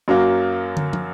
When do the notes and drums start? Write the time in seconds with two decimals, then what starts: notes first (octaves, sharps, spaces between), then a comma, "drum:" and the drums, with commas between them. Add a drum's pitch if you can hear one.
0.08 F#2 F#3 A#3
0.77 drum: tom
0.93 drum: tom